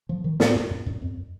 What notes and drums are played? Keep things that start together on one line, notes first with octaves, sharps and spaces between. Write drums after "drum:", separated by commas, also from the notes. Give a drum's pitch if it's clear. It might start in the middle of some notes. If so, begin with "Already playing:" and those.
F3
D#3
G#2, drum: snare
F#2
F#2
F#2
F2